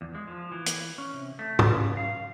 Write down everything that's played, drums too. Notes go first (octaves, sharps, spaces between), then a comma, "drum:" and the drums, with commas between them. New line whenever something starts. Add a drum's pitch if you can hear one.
E2
G#3
F3
E3
drum: hi-hat
C#4
C3
A3
F#3, drum: tom
C#3
F5